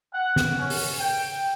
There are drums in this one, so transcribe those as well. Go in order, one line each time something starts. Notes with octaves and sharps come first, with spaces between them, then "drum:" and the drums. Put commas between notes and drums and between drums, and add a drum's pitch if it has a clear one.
F#5
drum: snare
C#4
drum: open hi-hat
G5